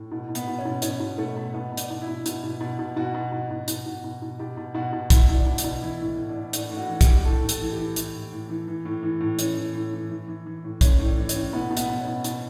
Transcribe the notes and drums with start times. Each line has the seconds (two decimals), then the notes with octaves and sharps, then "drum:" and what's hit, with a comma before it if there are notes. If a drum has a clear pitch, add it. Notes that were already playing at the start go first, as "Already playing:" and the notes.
Already playing: A2
0.11 B2
0.28 B2
0.35 B3, drum: hi-hat
0.48 B2
0.59 C#4
0.65 B2
0.82 B2 C#4, drum: hi-hat
1.00 B2
1.18 B2 A3
1.37 B2
1.54 B2 B3
1.72 B2
1.77 D4, drum: hi-hat
1.90 B2
2.02 E4
2.07 B2
2.26 B2, drum: hi-hat
2.43 B2
2.61 B2
2.79 B2
2.96 B2 F#4
3.14 B2
3.32 B2
3.51 B2
3.68 B2, drum: hi-hat
3.86 B2
4.04 B2
4.22 B2
4.39 B2 G4
4.57 B2
4.74 B2 F#4
4.93 B2
5.10 B2 E4, drum: kick B1, hi-hat
5.29 B2
5.34 D4
5.46 B2
5.58 D4, drum: hi-hat
5.64 B2
5.82 E3 E4
6.00 A2
6.18 A2
6.29 D4
6.36 A2
6.53 A2 D4, drum: hi-hat
6.72 A2
6.77 F#4
6.89 E3
7.01 G4, drum: kick B1, hi-hat
7.07 A2
7.25 A2 A4
7.42 A2
7.49 A4, drum: hi-hat
7.61 E3
7.73 G4
7.78 E3
7.96 E3, drum: hi-hat
8.14 A2
8.32 A2
8.49 E3
8.68 E3
8.85 A2
9.03 E3
9.21 A2
9.39 E3 C#4, drum: hi-hat
9.57 E3
9.74 A2
9.93 E3
10.10 E3
10.28 E3
10.46 E3
10.64 A2
10.81 A2 C#4, drum: kick B1, hi-hat
10.99 A2
11.05 D4
11.17 E3
11.29 C#4, drum: hi-hat
11.35 A2
11.53 B2 B3
11.70 B2
11.77 B3, drum: hi-hat
11.89 B2
12.01 C#4
12.07 B2
12.24 B2, drum: hi-hat